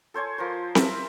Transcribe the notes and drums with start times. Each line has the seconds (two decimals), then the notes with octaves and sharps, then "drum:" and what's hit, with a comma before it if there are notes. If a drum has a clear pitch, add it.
0.14 A4 C5 C#5 G#5
0.38 F3 A#4 C5
0.75 A#4 E5 A5, drum: snare C4